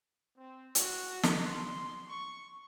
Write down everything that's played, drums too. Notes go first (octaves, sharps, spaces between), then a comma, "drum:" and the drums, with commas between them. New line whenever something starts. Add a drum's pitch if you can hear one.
C4
F#4, drum: hi-hat
drum: snare
C6
C#6